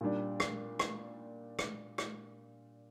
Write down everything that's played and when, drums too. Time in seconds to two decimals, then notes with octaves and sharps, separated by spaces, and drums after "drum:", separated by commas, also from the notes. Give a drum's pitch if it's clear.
0.01 A#2 G3 D4
0.40 drum: rim click
0.79 drum: rim click
1.59 drum: rim click
1.98 drum: rim click